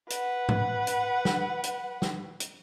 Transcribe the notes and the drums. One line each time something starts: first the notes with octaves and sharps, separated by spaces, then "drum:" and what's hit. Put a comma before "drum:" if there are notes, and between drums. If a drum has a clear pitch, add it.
B4 F#5, drum: hi-hat
drum: tom G#2
drum: hi-hat
drum: snare
drum: hi-hat
drum: snare
drum: hi-hat